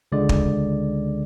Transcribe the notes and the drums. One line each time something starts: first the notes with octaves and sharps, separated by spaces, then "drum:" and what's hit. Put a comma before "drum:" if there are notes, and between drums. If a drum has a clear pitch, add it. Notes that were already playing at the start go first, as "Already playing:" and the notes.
C#2 D3 G#3 D5
drum: kick